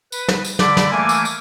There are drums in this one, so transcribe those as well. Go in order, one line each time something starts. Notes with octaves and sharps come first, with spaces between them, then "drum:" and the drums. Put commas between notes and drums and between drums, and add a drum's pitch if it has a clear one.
B4, drum: tambourine
drum: snare
drum: tambourine
D3 D5 B5 D6, drum: snare
drum: snare
E3 A3 A#3 G#5 D6
drum: tambourine
drum: tambourine